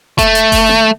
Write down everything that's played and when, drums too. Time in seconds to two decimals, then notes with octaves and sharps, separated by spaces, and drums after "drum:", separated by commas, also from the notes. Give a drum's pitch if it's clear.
0.18 A3, drum: kick F1, hi-hat
0.35 drum: hi-hat
0.52 drum: kick F1, open hi-hat
0.69 drum: tom A#3